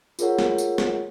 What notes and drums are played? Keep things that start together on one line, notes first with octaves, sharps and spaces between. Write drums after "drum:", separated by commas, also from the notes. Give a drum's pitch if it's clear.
F4 G#4 A#4 C#5 F#5, drum: tambourine
drum: snare
drum: tambourine
drum: snare